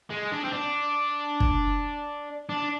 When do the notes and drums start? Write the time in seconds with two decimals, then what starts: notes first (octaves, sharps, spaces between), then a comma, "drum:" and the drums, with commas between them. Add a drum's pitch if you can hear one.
0.10 G#3
0.32 D4
0.45 C4
0.53 D4
1.40 drum: kick
2.49 D4